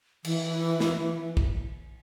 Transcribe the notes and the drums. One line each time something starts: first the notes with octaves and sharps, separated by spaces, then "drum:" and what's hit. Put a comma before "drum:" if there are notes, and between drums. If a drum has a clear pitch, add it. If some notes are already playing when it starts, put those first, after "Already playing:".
E3, drum: cymbal
drum: snare
drum: kick A1